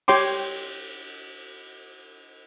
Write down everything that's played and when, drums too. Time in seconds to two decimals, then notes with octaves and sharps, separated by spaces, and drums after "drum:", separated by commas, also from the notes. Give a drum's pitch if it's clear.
0.08 G4 C#5 G5 C6 D6, drum: cymbal